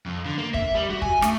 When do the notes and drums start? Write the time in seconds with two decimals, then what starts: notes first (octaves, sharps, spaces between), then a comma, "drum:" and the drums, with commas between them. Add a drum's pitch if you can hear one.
0.06 F2
0.25 D3
0.38 A#3
0.54 E5, drum: kick
0.75 G3
0.90 F#4
1.02 G#5, drum: kick
1.22 A3, drum: rim click